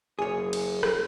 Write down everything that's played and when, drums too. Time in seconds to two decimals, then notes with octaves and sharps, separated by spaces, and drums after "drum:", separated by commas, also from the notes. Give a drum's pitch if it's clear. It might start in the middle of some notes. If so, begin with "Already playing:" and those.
0.19 F#1 G#4 C#5
0.53 drum: cymbal
0.83 drum: rim click